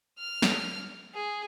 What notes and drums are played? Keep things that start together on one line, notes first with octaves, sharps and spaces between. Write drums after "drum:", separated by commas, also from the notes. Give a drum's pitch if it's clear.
F6
drum: snare
G#4